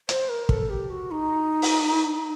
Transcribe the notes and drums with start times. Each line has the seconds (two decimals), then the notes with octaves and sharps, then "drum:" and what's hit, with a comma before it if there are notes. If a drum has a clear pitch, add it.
0.09 C5, drum: hi-hat
0.29 A#4
0.49 A4, drum: kick
0.70 G4
0.90 F#4
1.11 D#4
1.62 drum: open hi-hat